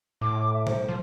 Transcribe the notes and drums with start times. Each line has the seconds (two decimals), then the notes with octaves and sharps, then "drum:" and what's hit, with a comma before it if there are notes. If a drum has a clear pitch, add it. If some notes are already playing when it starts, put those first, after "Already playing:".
0.21 A2 D6
0.53 E5
0.67 C5, drum: tom B2
0.88 F3